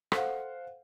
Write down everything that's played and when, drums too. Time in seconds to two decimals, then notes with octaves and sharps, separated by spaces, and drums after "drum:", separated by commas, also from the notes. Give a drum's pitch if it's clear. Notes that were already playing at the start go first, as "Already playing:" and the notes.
0.12 A4 C5 F5 F#5, drum: rim click